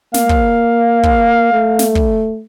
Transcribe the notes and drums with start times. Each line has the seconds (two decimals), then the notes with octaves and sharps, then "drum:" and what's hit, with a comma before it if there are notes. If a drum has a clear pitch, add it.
0.14 A#3 F5, drum: snare
0.29 drum: kick
1.03 drum: kick
1.53 A3
1.79 drum: snare
1.95 drum: kick